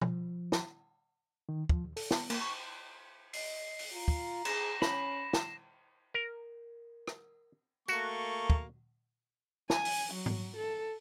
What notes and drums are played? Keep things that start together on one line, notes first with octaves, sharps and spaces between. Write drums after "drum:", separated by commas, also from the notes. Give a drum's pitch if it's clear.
F3, drum: tom
drum: snare
D#3
F3, drum: kick
D#2
A4, drum: open hi-hat
B3, drum: snare
A#3, drum: cymbal
C#6
D#5 C7, drum: open hi-hat
drum: open hi-hat
F4 A#5
drum: kick
G#4 A#6 E7, drum: cymbal
C#4 B5, drum: snare
drum: snare
A#4
drum: rim click
A3 A#3 F#4 C#6, drum: tambourine
drum: kick
G#5, drum: snare
drum: open hi-hat
F#3
drum: tom G#2
A4